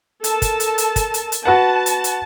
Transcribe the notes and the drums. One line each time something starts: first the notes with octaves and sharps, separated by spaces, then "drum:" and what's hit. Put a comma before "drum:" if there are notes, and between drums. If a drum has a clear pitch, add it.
A4 A#4 A5, drum: hi-hat
drum: kick, hi-hat
drum: hi-hat
drum: hi-hat
drum: kick, hi-hat
drum: hi-hat
drum: hi-hat
F#4 B4 F#5 A5
drum: hi-hat
drum: hi-hat